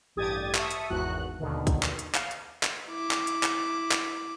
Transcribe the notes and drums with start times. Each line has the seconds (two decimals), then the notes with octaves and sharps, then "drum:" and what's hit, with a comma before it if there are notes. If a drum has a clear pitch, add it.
0.16 A1 G2 G4 D#6 G#6 A6
0.55 E5 A5 C#6 D#6, drum: clap
0.71 drum: hi-hat
0.90 G#1 E2 F#4 F#6
1.40 D#2 B2 D3 D#3
1.67 drum: kick, hi-hat
1.83 drum: clap
1.99 drum: hi-hat
2.15 F5, drum: clap
2.31 drum: hi-hat
2.63 drum: clap
2.89 E4 D6
3.11 drum: clap
3.27 drum: hi-hat
3.43 drum: clap
3.91 drum: clap